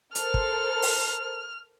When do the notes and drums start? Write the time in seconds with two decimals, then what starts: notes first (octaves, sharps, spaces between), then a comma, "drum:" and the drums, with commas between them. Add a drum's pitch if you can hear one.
0.15 A4 A#4 C5 F6, drum: hi-hat
0.34 drum: kick
0.82 drum: open hi-hat